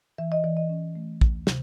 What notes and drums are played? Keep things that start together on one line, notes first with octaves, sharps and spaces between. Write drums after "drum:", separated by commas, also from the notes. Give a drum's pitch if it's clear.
E3 E5
D#5
E3 D5
D#5
C#4
A3
D2, drum: kick
C3, drum: snare